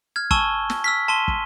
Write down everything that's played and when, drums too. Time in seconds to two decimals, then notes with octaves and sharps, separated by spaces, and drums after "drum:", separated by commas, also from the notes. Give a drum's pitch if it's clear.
0.16 F6 G#6
0.31 G#5 A5 C#6 E6 G7, drum: kick
0.70 drum: snare
0.84 E6 F6 B6
1.08 A5 C6 D#7 G7
1.28 drum: kick